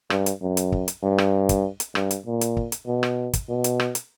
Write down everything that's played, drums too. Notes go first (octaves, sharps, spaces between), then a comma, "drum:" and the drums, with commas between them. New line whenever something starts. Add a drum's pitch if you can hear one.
G2, drum: rim click
drum: hi-hat
F#2
drum: hi-hat
drum: kick
drum: hi-hat
G2
drum: rim click
drum: kick, hi-hat
drum: hi-hat
G2, drum: rim click
drum: hi-hat
A#2
drum: hi-hat
drum: kick
drum: hi-hat
B2
drum: rim click
drum: kick, hi-hat
B2
drum: hi-hat
drum: rim click
drum: hi-hat